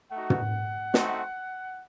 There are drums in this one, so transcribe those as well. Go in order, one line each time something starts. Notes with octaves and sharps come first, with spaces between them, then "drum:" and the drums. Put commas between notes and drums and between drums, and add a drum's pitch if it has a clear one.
A3 D#4 F#4 F#5
drum: tom
A3 C4 D#4 F#4, drum: snare